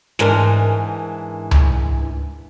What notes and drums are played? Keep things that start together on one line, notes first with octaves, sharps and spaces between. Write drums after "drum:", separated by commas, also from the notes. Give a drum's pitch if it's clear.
G#2 E3 D4 A#4, drum: snare
drum: tom C#2